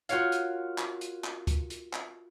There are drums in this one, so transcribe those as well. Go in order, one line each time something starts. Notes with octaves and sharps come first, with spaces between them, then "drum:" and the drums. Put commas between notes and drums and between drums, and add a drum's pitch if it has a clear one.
F4 F#4 A#4 C#5 F5, drum: hi-hat
drum: hi-hat
drum: clap
drum: hi-hat
drum: clap
drum: kick C#2, hi-hat
drum: hi-hat
drum: clap